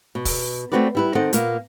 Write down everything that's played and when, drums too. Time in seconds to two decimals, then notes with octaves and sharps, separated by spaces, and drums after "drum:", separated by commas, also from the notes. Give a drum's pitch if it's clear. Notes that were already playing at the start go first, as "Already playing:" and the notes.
0.15 B2
0.25 drum: kick, open hi-hat
0.72 A3 A#3 C4 F#4 B4 D5
0.95 G3 E4 B4
1.15 D#3 C4 A4 D#5 F#5
1.33 A#2 A#3 B3, drum: hi-hat